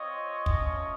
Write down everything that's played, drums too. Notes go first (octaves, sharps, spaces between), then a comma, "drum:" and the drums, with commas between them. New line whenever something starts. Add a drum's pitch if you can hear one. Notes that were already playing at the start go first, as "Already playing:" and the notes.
Already playing: C4 F4 C#5 D#5
A3 C#4 F4, drum: kick